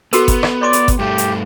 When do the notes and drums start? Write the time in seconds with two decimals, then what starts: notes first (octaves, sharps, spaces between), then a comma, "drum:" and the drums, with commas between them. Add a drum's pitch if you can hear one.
0.13 B3 F#4 A4 A#4, drum: hi-hat
0.28 drum: kick G1, hi-hat
0.43 drum: rim click
0.62 C#5 D5 C6 D6
0.73 drum: hi-hat
0.88 drum: kick G1, hi-hat
0.99 G2 A3 G4
1.18 drum: hi-hat